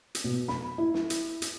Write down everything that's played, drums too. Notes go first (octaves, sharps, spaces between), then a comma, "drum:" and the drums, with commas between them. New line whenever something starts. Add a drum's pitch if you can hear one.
drum: hi-hat
B2
B5, drum: snare
E4
drum: snare
drum: hi-hat
drum: hi-hat